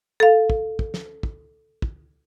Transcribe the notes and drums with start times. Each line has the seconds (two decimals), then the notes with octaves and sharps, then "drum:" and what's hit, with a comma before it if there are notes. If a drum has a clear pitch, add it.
0.20 A4 F5
0.50 drum: kick
0.79 drum: kick
0.94 drum: snare
1.23 drum: kick
1.82 drum: kick